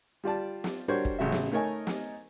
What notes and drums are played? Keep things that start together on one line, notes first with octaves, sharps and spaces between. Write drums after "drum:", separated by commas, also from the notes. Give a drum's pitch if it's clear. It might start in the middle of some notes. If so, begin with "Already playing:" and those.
G3 F4 D5 A5
drum: snare
G3 D4 F#4 A#4 C5 C#5
drum: kick
A1 C#3 F#4 E5
drum: snare
A3 D#4 A#4 C#5 D#5 G#5
drum: snare